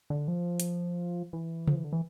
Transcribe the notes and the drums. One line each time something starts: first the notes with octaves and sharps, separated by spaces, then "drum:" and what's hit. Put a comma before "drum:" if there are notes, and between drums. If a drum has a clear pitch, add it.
D3
F3
drum: hi-hat
E3
F3, drum: tom C#3
E3
D3
E3